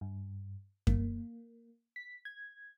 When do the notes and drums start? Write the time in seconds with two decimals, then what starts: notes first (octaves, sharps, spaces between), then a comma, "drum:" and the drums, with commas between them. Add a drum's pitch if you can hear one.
0.01 G2
0.87 A#3, drum: kick F#2
1.96 B6
2.25 G#6